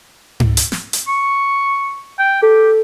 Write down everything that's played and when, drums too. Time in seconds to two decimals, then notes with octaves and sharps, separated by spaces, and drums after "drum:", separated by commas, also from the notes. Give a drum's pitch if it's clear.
0.40 drum: tom G#2
0.57 drum: hi-hat
0.72 drum: snare
0.93 drum: hi-hat
1.08 C#6
2.19 G5
2.42 G4 A4